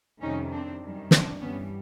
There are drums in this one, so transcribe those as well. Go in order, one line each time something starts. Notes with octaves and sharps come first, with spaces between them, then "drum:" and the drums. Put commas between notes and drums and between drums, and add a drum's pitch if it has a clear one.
F2 C3 D#3 G3 C#4 D#4
C4 D4
F#2 D#3 G3
C4 D4, drum: snare
G2 E3 G3 B3 C#4